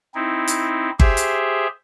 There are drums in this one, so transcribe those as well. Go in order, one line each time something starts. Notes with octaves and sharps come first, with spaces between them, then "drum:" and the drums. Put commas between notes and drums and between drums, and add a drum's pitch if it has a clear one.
C4 D#4 E4
drum: hi-hat
G4 G#4 C5 E5, drum: kick G1
drum: hi-hat